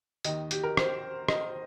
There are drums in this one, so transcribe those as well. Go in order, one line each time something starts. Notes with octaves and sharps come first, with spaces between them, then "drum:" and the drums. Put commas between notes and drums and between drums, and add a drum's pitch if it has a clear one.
D#2 D#3 D#5, drum: hi-hat
G4, drum: hi-hat
A#4
C5, drum: rim click
D#5, drum: rim click